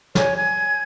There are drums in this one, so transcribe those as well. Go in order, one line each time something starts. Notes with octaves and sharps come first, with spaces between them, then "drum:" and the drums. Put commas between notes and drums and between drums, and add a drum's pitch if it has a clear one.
C#5 G#5, drum: snare
G#5 G#6